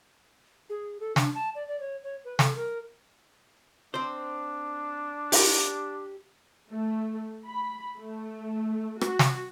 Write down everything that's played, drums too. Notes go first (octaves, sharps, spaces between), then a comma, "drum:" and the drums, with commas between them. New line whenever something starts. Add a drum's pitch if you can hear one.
G#4
A4
D4, drum: snare
A5
D5
D5
C#5
C#5
B4
A4, drum: snare
A#4
C4 D4 C5
G4, drum: open hi-hat
A3
B5
A3
F#4, drum: rim click
drum: snare